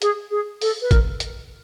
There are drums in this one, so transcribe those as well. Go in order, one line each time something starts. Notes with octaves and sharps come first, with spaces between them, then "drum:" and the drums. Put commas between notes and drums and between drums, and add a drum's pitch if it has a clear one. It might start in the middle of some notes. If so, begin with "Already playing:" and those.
G#4, drum: hi-hat
G#4
A4, drum: open hi-hat
B4
A#4, drum: kick, hi-hat
drum: hi-hat